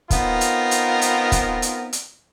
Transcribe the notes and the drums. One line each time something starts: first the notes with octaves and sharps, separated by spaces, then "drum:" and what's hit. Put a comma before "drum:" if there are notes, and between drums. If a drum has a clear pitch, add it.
B3 C4 D#4 F4 A#4, drum: kick, hi-hat
drum: hi-hat
drum: hi-hat
drum: hi-hat
drum: kick, hi-hat
drum: hi-hat
drum: hi-hat